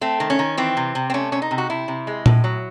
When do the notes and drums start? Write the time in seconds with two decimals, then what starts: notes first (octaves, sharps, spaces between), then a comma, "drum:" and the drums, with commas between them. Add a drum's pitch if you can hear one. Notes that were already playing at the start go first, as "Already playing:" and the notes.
0.01 A3 C4
0.20 D#3
0.30 C#4
0.39 D#3
0.57 E3 C4
0.77 C3
0.95 C3
1.10 C4
1.14 A3 C#4
1.32 C3 C#4
1.42 D#4
1.51 C3
1.58 F#4
1.70 C3 E4
1.88 C3
2.07 G#3
2.26 A2, drum: tom A#2
2.44 F#3